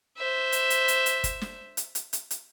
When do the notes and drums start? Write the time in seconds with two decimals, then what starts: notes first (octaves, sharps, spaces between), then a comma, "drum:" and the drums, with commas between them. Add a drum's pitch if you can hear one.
0.17 C5 E5
0.52 drum: hi-hat
0.70 drum: hi-hat
0.88 drum: hi-hat
1.06 drum: hi-hat
1.24 drum: kick, hi-hat
1.41 drum: snare
1.77 drum: hi-hat
1.95 drum: hi-hat
2.13 drum: hi-hat
2.31 drum: hi-hat